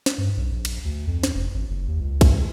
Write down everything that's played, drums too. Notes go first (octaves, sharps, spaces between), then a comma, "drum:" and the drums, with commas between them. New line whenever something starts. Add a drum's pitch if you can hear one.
drum: snare
G2
B1
A#1
drum: cymbal
D2
F2
drum: snare
F1
G#1
F#1
D#2
C#2
drum: kick A#1, cymbal